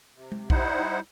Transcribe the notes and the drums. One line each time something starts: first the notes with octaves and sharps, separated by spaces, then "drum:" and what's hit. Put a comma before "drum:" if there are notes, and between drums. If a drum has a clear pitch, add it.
C3
drum: tom G#3
G3 D#4 E4 C5 F#5, drum: kick A#1